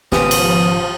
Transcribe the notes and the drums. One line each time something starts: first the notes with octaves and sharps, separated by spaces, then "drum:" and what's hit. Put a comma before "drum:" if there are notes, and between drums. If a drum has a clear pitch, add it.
G#1 C#3 F3 B3 C#4 G4 D#6, drum: snare
drum: cymbal